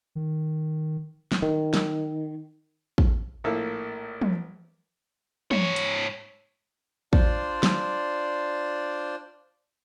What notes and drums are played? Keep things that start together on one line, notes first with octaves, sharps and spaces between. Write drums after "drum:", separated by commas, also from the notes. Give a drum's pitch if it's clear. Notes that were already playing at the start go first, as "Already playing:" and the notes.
D#3
drum: snare
D#3
drum: snare
drum: kick
A#1 A2 A#3 A4
drum: tom
G#2 C#5, drum: tom
drum: hi-hat
D4 F4 C5 D5, drum: kick
drum: snare